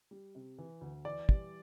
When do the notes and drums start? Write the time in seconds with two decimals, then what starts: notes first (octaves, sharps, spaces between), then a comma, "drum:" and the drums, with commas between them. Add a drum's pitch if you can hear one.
0.11 G3
0.35 C3
0.58 E3
0.81 D2
1.05 E3 D5
1.29 G3, drum: kick